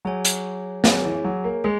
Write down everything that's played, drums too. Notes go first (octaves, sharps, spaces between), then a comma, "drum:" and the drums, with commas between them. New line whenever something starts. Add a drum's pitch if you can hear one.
F#3 G#4 C#5 G#5
drum: hi-hat
F#3 G#4 C#5 G#5, drum: snare
E3
F#3
A#3
G#3 G#4